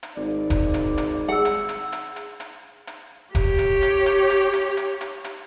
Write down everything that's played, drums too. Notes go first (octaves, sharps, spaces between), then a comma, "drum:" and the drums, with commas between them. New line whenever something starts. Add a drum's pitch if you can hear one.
drum: hi-hat
G#1 D5
drum: kick, hi-hat
drum: hi-hat
drum: hi-hat
G#4 F#5 E6
drum: hi-hat
drum: hi-hat
drum: hi-hat
drum: hi-hat
drum: hi-hat
drum: hi-hat
G4 C#5, drum: kick, hi-hat
drum: hi-hat
drum: hi-hat
drum: hi-hat
drum: hi-hat
drum: hi-hat
drum: hi-hat
drum: hi-hat
drum: hi-hat